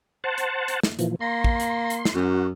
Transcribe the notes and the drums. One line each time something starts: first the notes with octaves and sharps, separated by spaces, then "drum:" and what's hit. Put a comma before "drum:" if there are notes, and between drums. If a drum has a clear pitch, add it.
C5 F#5 A5
drum: hi-hat
drum: hi-hat
drum: snare
A#2 E3 F3, drum: hi-hat
A#3 C6
drum: kick
drum: hi-hat
drum: hi-hat
drum: snare
F#2 F#4